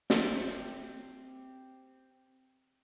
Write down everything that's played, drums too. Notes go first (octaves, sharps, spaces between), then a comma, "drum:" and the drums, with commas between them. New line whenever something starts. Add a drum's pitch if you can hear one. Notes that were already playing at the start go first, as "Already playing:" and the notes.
C4 G4, drum: snare